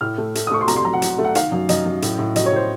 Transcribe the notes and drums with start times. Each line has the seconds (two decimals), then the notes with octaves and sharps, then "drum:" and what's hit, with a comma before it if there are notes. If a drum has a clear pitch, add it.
0.01 A2 F6
0.18 A3
0.35 A3, drum: hi-hat
0.47 D#6
0.51 A3 C#6
0.61 C6
0.68 C2 A#5, drum: hi-hat
0.76 C6
0.85 F#3 A#5
0.93 F#5
1.02 F#3, drum: hi-hat
1.18 A3
1.24 F#5
1.35 D#3 F5, drum: hi-hat
1.52 F#2
1.69 F#2 D#5, drum: hi-hat
1.86 F#2
2.02 A2, drum: hi-hat
2.19 A2
2.36 F#3 D#5, drum: hi-hat
2.46 C#5
2.52 A2 C5